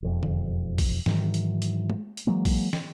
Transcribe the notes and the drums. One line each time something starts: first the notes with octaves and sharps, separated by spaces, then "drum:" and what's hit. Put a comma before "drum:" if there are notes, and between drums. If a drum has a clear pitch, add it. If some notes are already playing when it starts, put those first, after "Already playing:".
E1 F2
drum: tom D3
drum: kick, open hi-hat
G#2 D#3 E3 F#3, drum: snare
drum: hi-hat
drum: hi-hat
drum: tom G#3
drum: hi-hat
E3 F#3 G#3 A#3
drum: kick, open hi-hat
drum: snare